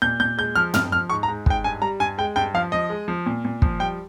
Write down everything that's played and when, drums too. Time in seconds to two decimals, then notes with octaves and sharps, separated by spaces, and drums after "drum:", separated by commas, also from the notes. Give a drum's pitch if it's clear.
0.02 A#2 G6
0.20 A#2 G6
0.38 G#3 G6
0.55 F3 F6
0.74 F2 F6, drum: tom
0.92 F3 F6
1.10 G#2 C#6
1.23 A#5
1.28 G#2
1.46 G#2 G5, drum: kick
1.64 G2 G#5
1.82 G3 A#5
2.00 G2 G#5
2.18 G#3 G5
2.36 G2 G5
2.54 F3 F5
2.72 F3 D#5
2.90 G#3
3.08 F3
3.26 A#2
3.45 A#2
3.62 F3, drum: kick
3.80 G3 G5